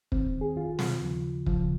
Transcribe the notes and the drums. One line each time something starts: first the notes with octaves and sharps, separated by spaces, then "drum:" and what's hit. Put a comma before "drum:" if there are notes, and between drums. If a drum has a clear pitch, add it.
D#2 D#3 C4, drum: kick
G#4
F2 D#3 F4
drum: snare
D#2 C#3 F3
D#2 C#3 F3, drum: kick